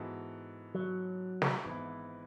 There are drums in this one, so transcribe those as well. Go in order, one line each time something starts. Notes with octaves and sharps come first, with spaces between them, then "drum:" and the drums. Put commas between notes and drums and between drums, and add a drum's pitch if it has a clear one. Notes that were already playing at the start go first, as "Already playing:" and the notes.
Already playing: G#2 E3 B3 F#4 A4
F#3
drum: snare
G#1 G#2 E3 B3 E4